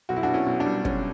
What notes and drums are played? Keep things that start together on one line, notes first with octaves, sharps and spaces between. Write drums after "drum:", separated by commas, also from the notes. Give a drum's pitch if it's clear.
B1 F#4
E4
D4 F#4
B2
C#4 E4
B1
D4
G3
B1 C#4, drum: kick